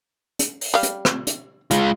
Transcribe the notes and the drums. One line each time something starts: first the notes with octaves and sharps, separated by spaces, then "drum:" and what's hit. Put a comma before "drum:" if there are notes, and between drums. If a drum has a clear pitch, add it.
drum: hi-hat
drum: open hi-hat
G3 F5
drum: hi-hat
drum: rim click
drum: hi-hat
G#3 F4, drum: hi-hat